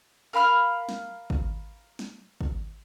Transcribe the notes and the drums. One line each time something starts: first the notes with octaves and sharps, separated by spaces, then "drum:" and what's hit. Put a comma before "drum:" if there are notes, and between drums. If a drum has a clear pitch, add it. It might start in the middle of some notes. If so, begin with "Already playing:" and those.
A#4 F5 B5 F6
drum: snare
drum: kick G#1
drum: snare
drum: kick G#1